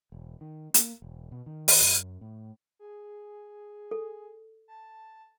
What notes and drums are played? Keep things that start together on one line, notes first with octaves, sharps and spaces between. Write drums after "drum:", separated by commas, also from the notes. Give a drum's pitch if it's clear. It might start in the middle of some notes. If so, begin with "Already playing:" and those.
E1
D#3
A#3, drum: hi-hat
E1
B2
D#3
drum: open hi-hat
F#2
A2
G#4
A4
A5